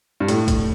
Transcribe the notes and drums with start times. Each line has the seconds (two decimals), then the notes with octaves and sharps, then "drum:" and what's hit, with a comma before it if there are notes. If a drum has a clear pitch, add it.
0.20 G2
0.28 A2, drum: hi-hat
0.48 drum: kick A1, hi-hat